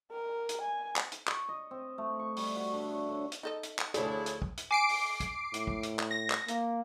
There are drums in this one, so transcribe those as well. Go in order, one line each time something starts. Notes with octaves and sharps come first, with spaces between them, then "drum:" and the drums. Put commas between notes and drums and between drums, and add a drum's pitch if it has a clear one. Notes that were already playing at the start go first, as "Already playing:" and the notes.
A#4
drum: hi-hat
G#5
drum: clap
drum: hi-hat
C#6, drum: clap
D#5
C4
A3
C#6
G3, drum: open hi-hat
F#4
D3
C#5
D3
drum: hi-hat
D#4 A4 D#5
drum: hi-hat
drum: clap
D2 F3 D4 E4 G#4 A4 C#5 D5, drum: hi-hat
drum: hi-hat
drum: kick
drum: hi-hat
G#5 D6 C7 D7
drum: open hi-hat
drum: kick, hi-hat
A2, drum: hi-hat
drum: kick
drum: hi-hat
drum: clap
A#6
drum: clap
A#3, drum: hi-hat